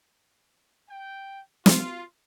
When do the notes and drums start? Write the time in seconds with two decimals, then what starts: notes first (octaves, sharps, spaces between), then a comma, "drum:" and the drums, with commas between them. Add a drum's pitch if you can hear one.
0.89 G5
1.66 F4, drum: snare